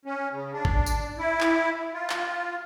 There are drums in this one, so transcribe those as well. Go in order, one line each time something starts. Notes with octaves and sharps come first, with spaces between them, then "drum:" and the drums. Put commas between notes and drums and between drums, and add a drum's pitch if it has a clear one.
C#4
C#3
D4
drum: kick
drum: tambourine
E4
drum: clap
F4
drum: clap